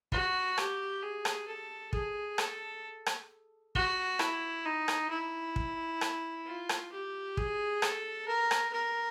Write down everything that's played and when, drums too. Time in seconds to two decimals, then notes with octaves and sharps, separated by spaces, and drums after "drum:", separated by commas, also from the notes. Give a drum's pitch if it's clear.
0.12 F#4, drum: kick
0.58 G4, drum: rim click
1.03 G#4
1.25 drum: rim click
1.47 A4
1.93 G#4, drum: kick
2.38 A4, drum: rim click
3.06 drum: rim click
3.75 F#4, drum: kick
4.19 E4, drum: rim click
4.65 D#4
4.88 drum: rim click
5.10 E4
5.56 drum: kick
6.01 drum: rim click
6.46 F4
6.69 drum: rim click
6.92 G4
7.37 G#4, drum: kick
7.82 A4, drum: rim click
8.28 A#4
8.51 drum: rim click
8.73 A#4